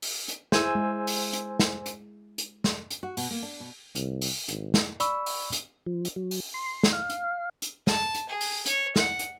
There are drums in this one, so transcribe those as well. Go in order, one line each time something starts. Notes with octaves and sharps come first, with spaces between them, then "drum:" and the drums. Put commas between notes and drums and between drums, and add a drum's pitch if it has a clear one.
drum: open hi-hat
drum: hi-hat
E4 G#4 C5 G#5 E6, drum: snare
G#3
drum: open hi-hat
drum: hi-hat
drum: snare
drum: hi-hat
drum: hi-hat
drum: snare
drum: hi-hat
F#4
B2, drum: open hi-hat
A#3
D4
B2
C2, drum: hi-hat
drum: open hi-hat
G#1, drum: hi-hat
drum: snare
D5 B5 C#6 E6, drum: hi-hat
drum: open hi-hat
drum: hi-hat
F3
drum: hi-hat
F#3
drum: open hi-hat
C6
drum: snare
F5
drum: hi-hat
drum: hi-hat
A5, drum: snare
drum: hi-hat
G#4
drum: open hi-hat
C#5, drum: hi-hat
F#5, drum: snare
drum: hi-hat